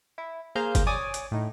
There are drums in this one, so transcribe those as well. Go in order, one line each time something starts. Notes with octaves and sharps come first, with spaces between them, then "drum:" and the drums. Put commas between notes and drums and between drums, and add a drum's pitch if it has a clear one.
E4
A#3 G#4 C5 F5 A#5 G6
drum: kick F#1, hi-hat
C#5 D5 G#5 D6 D#6
drum: hi-hat
A2 D#4